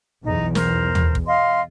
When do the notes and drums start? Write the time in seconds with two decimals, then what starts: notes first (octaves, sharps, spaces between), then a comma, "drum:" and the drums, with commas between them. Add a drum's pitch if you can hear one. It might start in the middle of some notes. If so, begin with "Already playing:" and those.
0.23 B1 E2 D#4
0.55 A#4 C5, drum: snare
0.95 drum: tom
1.15 drum: kick
1.27 D#5 F5 C6